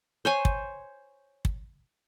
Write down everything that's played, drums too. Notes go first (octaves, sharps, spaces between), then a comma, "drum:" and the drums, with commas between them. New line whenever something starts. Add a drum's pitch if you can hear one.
C5 C#5 G#5
drum: kick
drum: kick